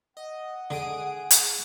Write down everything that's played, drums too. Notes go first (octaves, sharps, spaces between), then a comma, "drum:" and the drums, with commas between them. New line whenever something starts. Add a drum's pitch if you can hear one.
D#5 F#5
D3 G#4 D#6 D7
drum: hi-hat